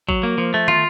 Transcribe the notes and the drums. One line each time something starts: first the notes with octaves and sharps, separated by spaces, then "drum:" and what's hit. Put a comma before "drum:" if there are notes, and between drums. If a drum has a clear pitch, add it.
F#3, drum: kick G#1
A#3
F3
A3
F4, drum: tom